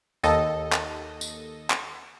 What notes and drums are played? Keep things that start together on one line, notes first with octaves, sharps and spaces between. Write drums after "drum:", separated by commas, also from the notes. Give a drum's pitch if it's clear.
D#2 A4 D#5, drum: tambourine
drum: clap
drum: tambourine
drum: clap